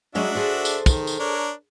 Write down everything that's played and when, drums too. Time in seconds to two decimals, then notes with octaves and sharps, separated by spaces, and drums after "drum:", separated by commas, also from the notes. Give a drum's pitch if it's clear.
0.15 F#3 G#3 C#4 D4 F#4 E5
0.35 G#4 A4 C5
0.65 drum: tambourine
0.86 D#3, drum: kick, tambourine
1.07 drum: tambourine
1.19 D4 A#4 C#5